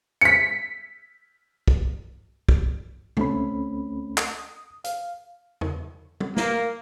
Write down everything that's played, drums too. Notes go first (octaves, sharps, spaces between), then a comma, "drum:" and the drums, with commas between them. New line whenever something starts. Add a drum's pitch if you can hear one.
B6 C#7
drum: kick
drum: kick
D2 A3 C4 C#4 B5, drum: tom
D#6, drum: clap
F5, drum: hi-hat
drum: tom E2
drum: tom
A#3, drum: snare